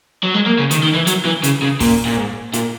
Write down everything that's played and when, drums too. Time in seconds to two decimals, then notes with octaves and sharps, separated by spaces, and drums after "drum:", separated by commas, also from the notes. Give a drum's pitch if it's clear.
0.23 F#3
0.34 G#3
0.46 A#3
0.58 C#3
0.71 D#3, drum: hi-hat
0.83 D#3
0.94 E3
1.07 F#3, drum: hi-hat
1.25 E3
1.44 C#3, drum: hi-hat
1.62 C#3
1.80 A#2, drum: kick, open hi-hat
2.05 A#2
2.17 G#2
2.53 A#2, drum: hi-hat